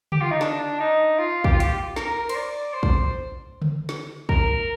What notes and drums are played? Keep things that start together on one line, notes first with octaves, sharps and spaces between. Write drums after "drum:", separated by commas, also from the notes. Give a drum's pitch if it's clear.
G4, drum: tom C#3
F4
D#4
D4, drum: snare
D#4
F4
G4, drum: kick
F4
G4, drum: hi-hat
A#4, drum: snare
C5, drum: cymbal
D5
C5
drum: kick
drum: tom C#3
drum: snare
A#4, drum: kick